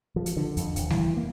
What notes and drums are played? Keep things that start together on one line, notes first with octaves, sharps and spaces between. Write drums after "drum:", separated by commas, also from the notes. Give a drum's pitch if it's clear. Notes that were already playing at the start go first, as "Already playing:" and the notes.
F3
drum: hi-hat
D3
F2, drum: hi-hat
D#1, drum: hi-hat
E3, drum: snare
A#3